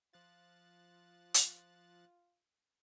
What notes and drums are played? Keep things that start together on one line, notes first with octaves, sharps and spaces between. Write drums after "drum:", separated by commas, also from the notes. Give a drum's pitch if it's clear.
F3 F4 F#6 A6
drum: hi-hat